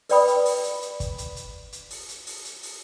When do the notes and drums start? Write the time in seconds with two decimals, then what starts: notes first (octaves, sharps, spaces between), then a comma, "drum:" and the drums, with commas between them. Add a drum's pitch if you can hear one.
0.09 A#4 B4 D5 G5 B5 D#6, drum: open hi-hat
0.28 drum: hi-hat
0.46 drum: open hi-hat
0.64 drum: hi-hat
0.82 drum: hi-hat
1.00 drum: kick, hi-hat
1.18 drum: hi-hat
1.36 drum: hi-hat
1.72 drum: hi-hat
1.91 drum: open hi-hat
2.09 drum: hi-hat
2.27 drum: open hi-hat
2.45 drum: hi-hat
2.63 drum: open hi-hat